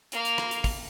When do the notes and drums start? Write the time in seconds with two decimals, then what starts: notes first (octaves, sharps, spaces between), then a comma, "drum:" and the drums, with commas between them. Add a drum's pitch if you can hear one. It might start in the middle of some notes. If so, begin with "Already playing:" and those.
0.12 A#3 F5, drum: hi-hat
0.25 drum: hi-hat
0.38 drum: rim click
0.51 drum: hi-hat
0.64 drum: kick, open hi-hat